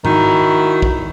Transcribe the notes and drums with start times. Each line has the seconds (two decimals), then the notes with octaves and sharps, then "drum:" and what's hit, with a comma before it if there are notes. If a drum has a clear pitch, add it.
0.05 D#3 E4 F#4, drum: tom G#2
0.82 drum: kick A#1